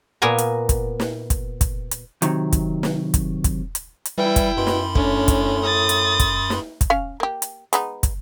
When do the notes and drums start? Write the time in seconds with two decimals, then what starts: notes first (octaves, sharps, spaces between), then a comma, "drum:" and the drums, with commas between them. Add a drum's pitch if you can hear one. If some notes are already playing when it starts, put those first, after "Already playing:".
0.22 A#2 B3 A#4 G#5 A#5
0.38 drum: hi-hat
0.69 drum: kick, hi-hat
1.00 drum: snare
1.30 drum: kick, hi-hat
1.61 drum: kick, hi-hat
1.91 drum: hi-hat
2.22 C3 D#3 F#3, drum: hi-hat
2.53 drum: kick, hi-hat
2.83 drum: snare
3.14 drum: kick, hi-hat
3.44 drum: kick, hi-hat
3.75 drum: hi-hat
4.05 drum: hi-hat
4.18 E3 G3 E4 G5
4.36 drum: kick, hi-hat
4.57 F#2 B2 B5 C6
4.67 drum: snare
4.95 A2 C#4 D4, drum: kick
5.28 drum: kick, hi-hat
5.64 D#6 A6
5.89 drum: hi-hat
6.20 drum: kick, hi-hat
6.50 drum: snare
6.81 drum: kick, hi-hat
6.90 C#4 F5
7.20 A#3 G4
7.42 drum: hi-hat
7.73 G#3 B3 D#4, drum: hi-hat
8.03 drum: kick, hi-hat